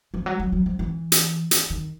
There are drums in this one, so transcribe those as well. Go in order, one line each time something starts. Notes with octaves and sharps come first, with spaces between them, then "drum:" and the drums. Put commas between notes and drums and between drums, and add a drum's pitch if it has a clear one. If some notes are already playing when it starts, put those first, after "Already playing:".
F3
F#3
F#3
F#3
F3
E3
drum: hi-hat
drum: hi-hat
D#3